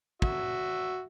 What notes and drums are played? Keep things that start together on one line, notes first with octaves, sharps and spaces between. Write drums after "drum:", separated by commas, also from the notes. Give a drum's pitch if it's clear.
F#4 E5, drum: kick